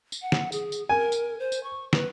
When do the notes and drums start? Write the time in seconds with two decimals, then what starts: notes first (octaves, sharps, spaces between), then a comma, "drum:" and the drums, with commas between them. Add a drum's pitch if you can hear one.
0.12 drum: tambourine
0.22 F#5
0.32 drum: snare
0.52 G#4, drum: tambourine
0.72 drum: tambourine
0.89 A#4 G#5
1.12 drum: tambourine
1.40 C5
1.52 drum: tambourine
1.64 C#6
1.93 B4, drum: snare